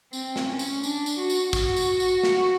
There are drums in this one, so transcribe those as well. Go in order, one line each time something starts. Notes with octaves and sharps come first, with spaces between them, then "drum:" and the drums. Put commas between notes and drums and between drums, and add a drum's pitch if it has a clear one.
C4, drum: tambourine
drum: snare
C#4
drum: tambourine
D4, drum: tambourine
drum: tambourine
F#4
drum: tambourine
F#4, drum: kick, tambourine
drum: tambourine
drum: tambourine
drum: snare